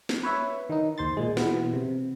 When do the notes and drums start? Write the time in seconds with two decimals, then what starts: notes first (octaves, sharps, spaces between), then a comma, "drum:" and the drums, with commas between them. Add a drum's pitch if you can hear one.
0.09 drum: snare
0.23 B4 C#5 E5
0.69 D#3 D#4
0.98 D#2 C5 C6 A6
1.17 A#2 G#3
1.37 B2 E3 B3, drum: snare
1.73 C3